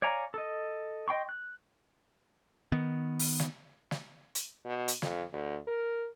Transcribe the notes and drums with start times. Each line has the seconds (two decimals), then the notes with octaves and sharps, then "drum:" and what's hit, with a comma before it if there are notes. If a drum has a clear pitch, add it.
0.02 C#5 D5 F5 G#5 A#5
0.34 A4 D#5
1.08 D#5 G5 C6 C#6
1.29 F#6
2.72 D#3 B3
3.19 drum: open hi-hat
3.40 drum: snare
3.91 drum: snare
4.35 drum: hi-hat
4.65 B2
4.88 drum: hi-hat
5.02 F2, drum: snare
5.33 D2
5.68 A#4